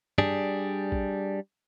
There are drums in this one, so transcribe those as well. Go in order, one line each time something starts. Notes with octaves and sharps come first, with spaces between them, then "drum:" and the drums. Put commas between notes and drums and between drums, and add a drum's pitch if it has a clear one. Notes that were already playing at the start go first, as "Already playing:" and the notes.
G3 D4 G#4, drum: tom
drum: kick A1